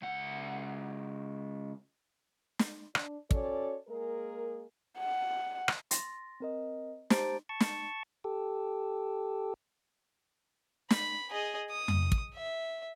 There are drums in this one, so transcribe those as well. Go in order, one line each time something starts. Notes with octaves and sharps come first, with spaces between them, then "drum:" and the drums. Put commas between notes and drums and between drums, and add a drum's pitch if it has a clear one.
C#2 F#5
drum: snare
D4, drum: rim click
C#4 F#4 A4 C#5 D5, drum: kick
G#3 A#3 G#4 A#4
F#5
drum: rim click
C6 A6 A#6, drum: hi-hat
C4 A#4 D#5
G4 C5 A5 A#5 A6 D7, drum: snare
A5 C#6
drum: snare
G4 A4
B5, drum: snare
G#4 D#5
D#6
drum: tom F2
drum: kick
E5